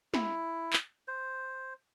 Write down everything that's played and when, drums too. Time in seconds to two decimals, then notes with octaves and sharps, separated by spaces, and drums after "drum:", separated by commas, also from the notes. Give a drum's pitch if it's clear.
0.14 E4, drum: snare
0.73 drum: clap
1.08 C5